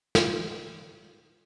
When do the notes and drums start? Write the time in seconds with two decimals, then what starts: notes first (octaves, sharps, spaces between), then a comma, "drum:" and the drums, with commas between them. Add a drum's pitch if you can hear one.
0.15 F4, drum: snare